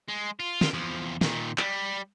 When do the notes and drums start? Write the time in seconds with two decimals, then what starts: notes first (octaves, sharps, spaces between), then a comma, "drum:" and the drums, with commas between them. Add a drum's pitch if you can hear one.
0.08 G#3
0.40 F4
0.61 drum: snare
0.74 E2 F3
1.21 A#2 D#3, drum: snare
1.58 G3, drum: clap